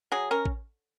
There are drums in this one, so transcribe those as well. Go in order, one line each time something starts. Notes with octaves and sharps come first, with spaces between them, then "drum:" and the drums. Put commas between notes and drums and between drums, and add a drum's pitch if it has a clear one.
F#3 G#4
C#4 A#4
drum: kick A1